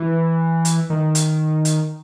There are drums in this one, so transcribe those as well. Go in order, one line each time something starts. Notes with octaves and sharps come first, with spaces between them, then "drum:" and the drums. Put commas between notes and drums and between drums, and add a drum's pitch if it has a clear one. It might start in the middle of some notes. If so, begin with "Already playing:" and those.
Already playing: E3
drum: hi-hat
D#3
drum: hi-hat
drum: hi-hat